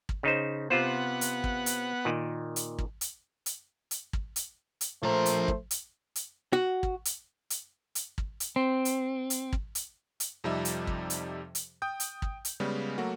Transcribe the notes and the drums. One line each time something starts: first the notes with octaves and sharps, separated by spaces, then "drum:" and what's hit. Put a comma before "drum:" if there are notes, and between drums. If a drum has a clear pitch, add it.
drum: kick
C#3 D#4 C5
C3 B3 F4 C5 F#5
drum: hi-hat
drum: kick
drum: hi-hat
A#2 D#3
drum: hi-hat
drum: kick
drum: hi-hat
drum: hi-hat
drum: hi-hat
drum: kick
drum: hi-hat
drum: hi-hat
F3 A3 A#4 C5
drum: hi-hat
drum: kick
drum: hi-hat
drum: hi-hat
F#4
drum: kick
drum: hi-hat
drum: hi-hat
drum: hi-hat
drum: kick
drum: hi-hat
C4
drum: hi-hat
drum: hi-hat
drum: kick
drum: hi-hat
drum: hi-hat
F2 C3 F3 G3 D#4 E5
drum: hi-hat
drum: kick
drum: hi-hat
drum: hi-hat
G5 D#6 G6
drum: hi-hat
drum: kick
drum: hi-hat
C#3 G3 G#3 B3
F#3 A3 A#3 F#4